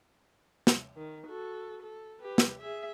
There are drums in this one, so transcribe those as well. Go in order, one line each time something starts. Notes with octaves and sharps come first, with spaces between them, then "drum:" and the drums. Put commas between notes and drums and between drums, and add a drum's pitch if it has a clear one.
drum: snare
D#3
F#4 A4
A4
G4 B4
drum: snare
G#4 E5